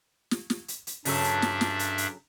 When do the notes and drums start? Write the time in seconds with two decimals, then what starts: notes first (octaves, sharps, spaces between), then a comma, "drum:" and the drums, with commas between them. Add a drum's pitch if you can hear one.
0.31 drum: snare
0.50 drum: snare
0.68 drum: hi-hat
0.87 drum: hi-hat
1.05 G2 C#3 F#3 D4 A4 E5, drum: open hi-hat
1.24 drum: hi-hat
1.42 drum: snare
1.61 drum: snare
1.79 drum: hi-hat
1.98 drum: hi-hat